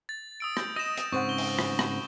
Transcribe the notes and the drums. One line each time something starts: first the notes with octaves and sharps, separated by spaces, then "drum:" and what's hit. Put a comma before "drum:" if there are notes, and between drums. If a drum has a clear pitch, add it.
A6
D#6 E6 D7
G6, drum: rim click
D#5 A#6 E7
drum: hi-hat
G#2 C#3 C4 C5 F#5 C#6
C#6 G7
drum: open hi-hat
drum: rim click
drum: rim click